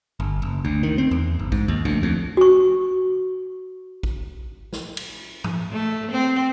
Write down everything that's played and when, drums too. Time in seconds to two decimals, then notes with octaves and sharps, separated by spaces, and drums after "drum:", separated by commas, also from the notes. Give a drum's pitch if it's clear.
0.20 G1
0.42 F#1
0.65 D2
0.83 D#3
0.98 C4
1.11 E2
1.39 G1
1.52 G#2, drum: kick A#1
1.68 D#2
1.85 D2, drum: tom F#2
2.03 F2
2.37 F#4 C#6
4.03 drum: kick A#1
4.73 drum: snare
4.97 drum: cymbal
5.44 drum: tom G#2
5.72 A3
6.11 C4